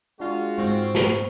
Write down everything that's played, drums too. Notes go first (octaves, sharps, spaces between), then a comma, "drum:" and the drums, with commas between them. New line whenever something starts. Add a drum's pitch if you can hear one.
G#3 D4 F4 F#4
G#2 C4 C#6
drum: snare